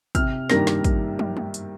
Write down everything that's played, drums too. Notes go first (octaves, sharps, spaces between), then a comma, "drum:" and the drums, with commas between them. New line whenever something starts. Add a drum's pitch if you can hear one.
C3 F6, drum: kick, hi-hat
D#3 G3 A#3 D4 A#6, drum: snare
drum: snare
drum: kick, hi-hat
drum: tom
drum: tom
drum: hi-hat